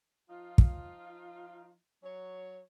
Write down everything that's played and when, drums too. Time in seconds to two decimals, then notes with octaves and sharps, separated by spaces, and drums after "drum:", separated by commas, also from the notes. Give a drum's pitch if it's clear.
0.30 F3 D#4 F4
0.58 drum: kick
2.03 F#3 C#5